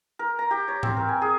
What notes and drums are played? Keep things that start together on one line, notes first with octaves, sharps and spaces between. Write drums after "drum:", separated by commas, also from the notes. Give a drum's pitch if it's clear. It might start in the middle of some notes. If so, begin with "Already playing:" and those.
A#4
A#5
G4
C#5
C4, drum: tom G#2
A#4
G#5
G#4